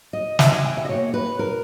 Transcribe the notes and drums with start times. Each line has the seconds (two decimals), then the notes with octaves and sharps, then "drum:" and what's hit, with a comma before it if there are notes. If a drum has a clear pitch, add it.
0.13 D#5
0.39 E5, drum: snare
0.52 G#5
0.64 G5
0.77 E5
0.85 D#5
0.89 B2 A#3 C#5
1.14 B4
1.39 A#4